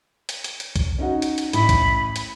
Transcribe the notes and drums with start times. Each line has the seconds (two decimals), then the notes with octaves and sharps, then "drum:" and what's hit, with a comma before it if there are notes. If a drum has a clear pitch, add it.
0.29 drum: hi-hat
0.44 drum: hi-hat
0.60 drum: hi-hat
0.76 drum: kick, hi-hat
0.98 C#4 D#4 F#4
1.22 drum: hi-hat
1.38 drum: hi-hat
1.53 A1 E4 B5, drum: hi-hat
1.69 drum: kick, hi-hat
2.16 drum: hi-hat